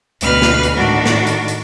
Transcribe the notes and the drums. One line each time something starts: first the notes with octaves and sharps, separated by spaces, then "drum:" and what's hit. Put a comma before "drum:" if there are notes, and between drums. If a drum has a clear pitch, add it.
D2 B2 B4 F6, drum: hi-hat
drum: snare
drum: hi-hat
A2 D#3 D4 F#4
drum: snare
drum: hi-hat
drum: hi-hat